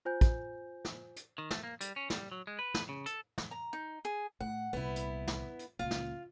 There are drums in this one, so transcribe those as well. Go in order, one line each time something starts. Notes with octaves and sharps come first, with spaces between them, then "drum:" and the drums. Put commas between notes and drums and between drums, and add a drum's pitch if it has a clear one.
F4 C5 G#5 G6
drum: kick, hi-hat
drum: snare
drum: hi-hat
D#3
A3, drum: snare
A#3
G3, drum: hi-hat
C#4
G3, drum: snare
F#3
G#3
B4
drum: snare
C#3
A4, drum: hi-hat
drum: snare
A#5
D#4
G#4
A2 F#5
C2 A#2 B3 E4
drum: hi-hat
drum: snare
drum: hi-hat
C#2 A#2 F4
drum: snare